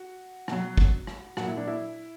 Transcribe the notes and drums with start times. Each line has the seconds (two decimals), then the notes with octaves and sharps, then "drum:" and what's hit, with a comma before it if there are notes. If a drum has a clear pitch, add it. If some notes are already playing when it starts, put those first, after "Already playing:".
Already playing: F#4
0.48 B2 F#3, drum: rim click
0.77 drum: kick
1.07 drum: rim click
1.37 A#2 F#3 F#4, drum: rim click
1.47 E4
1.57 D4
1.67 E4